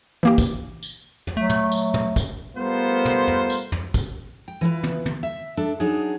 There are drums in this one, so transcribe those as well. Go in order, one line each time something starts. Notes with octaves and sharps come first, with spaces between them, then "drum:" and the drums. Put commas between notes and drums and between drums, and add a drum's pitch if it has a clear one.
E3 A#3 G4
drum: kick, tambourine
drum: tambourine
drum: tom
F#3 A3
drum: tom
drum: tambourine
drum: tom
drum: kick, tambourine
G3 A3 B3 F4 A#4 C5
drum: tom
drum: tom
drum: tambourine
drum: tom
drum: kick, tambourine
G5
E3 E4 F4 B4
drum: tom
drum: tom
E5
D4 A4
F#3 D4 D#4 G#4